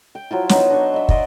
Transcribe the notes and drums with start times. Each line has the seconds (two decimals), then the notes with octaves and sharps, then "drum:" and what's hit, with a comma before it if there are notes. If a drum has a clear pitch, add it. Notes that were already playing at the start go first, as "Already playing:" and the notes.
0.15 G5
0.31 F3 F#3 E4 F4
0.49 F#3 B3 D#4, drum: snare
0.70 D4 C6 C#6
0.94 D#5 E5
1.09 D5 D#5 C6, drum: kick